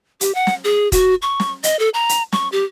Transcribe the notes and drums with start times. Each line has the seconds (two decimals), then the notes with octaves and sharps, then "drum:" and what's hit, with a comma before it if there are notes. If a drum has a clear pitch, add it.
0.21 G4, drum: hi-hat
0.35 F#5
0.47 drum: snare
0.64 G#4
0.92 F#4, drum: kick, hi-hat
1.22 C#6
1.40 drum: snare
1.64 D#5, drum: hi-hat
1.79 A4
1.94 A#5
2.09 drum: hi-hat
2.32 C#6, drum: snare
2.52 G4